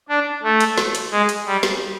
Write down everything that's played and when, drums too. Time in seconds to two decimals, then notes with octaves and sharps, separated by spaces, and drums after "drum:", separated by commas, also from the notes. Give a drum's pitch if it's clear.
0.09 D4
0.43 A3
0.60 drum: hi-hat
0.78 drum: snare
0.95 drum: hi-hat
1.12 G#3
1.29 drum: hi-hat
1.46 G3
1.63 drum: snare